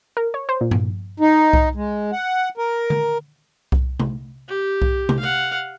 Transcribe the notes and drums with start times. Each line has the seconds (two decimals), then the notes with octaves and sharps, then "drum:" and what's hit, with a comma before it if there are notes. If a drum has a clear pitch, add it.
0.17 A#4
0.34 C#5
0.49 C5
0.61 A#2
0.71 drum: tom G2
1.20 D#4
1.53 drum: kick C2
1.75 G#3
2.12 F#5
2.57 A#4
2.90 drum: tom D3
3.72 drum: kick C2
4.00 drum: tom C3
4.48 G4
4.82 drum: kick C2
5.09 drum: tom C3
5.19 F5 F#5